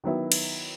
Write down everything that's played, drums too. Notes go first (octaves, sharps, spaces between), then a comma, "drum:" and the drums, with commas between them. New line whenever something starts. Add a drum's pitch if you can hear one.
D#3 F#3 B3 E4
drum: cymbal